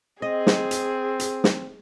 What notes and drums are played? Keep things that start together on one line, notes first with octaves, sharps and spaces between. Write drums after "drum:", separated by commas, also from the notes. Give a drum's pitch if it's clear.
C4 G#4 D#5
drum: snare
drum: hi-hat
drum: hi-hat
drum: snare